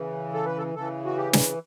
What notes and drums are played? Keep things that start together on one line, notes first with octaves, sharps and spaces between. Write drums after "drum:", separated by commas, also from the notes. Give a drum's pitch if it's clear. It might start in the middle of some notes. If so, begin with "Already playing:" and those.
Already playing: C#3 E3
A4
B4
A4
C#3 E3 A4
F#4
G4
drum: snare